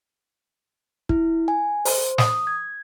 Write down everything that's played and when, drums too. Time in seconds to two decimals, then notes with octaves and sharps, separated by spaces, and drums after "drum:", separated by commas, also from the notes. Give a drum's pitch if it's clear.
1.09 E4, drum: kick
1.48 G#5
1.85 C5, drum: open hi-hat
2.18 D#6, drum: snare
2.47 G#6